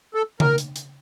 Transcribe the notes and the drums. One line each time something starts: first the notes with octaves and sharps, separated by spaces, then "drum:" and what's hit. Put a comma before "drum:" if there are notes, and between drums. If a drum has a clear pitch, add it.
A4
A#4, drum: tom C#3
drum: hi-hat
drum: hi-hat